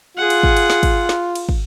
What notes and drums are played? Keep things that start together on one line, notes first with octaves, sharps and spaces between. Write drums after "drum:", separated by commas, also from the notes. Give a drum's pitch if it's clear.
F4 G#4 F#5
drum: cymbal
drum: kick
drum: cymbal
drum: snare
drum: kick, cymbal
drum: snare
drum: cymbal
drum: kick